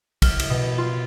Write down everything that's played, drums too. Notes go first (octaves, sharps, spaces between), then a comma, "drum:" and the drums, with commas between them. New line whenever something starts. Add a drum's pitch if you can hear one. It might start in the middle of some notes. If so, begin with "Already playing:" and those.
F6, drum: kick, cymbal
drum: cymbal
B2
F4